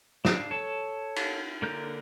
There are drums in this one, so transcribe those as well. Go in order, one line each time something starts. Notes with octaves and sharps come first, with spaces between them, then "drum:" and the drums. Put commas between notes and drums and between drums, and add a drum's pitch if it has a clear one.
D4 F5, drum: snare
A4 C#5 A5
drum: cymbal
D3 A#3 A#4 G6